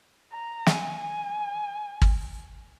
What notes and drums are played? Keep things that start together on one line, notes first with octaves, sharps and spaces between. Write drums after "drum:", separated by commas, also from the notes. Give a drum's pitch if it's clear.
A#5
G#5, drum: snare
G#5
drum: kick G#1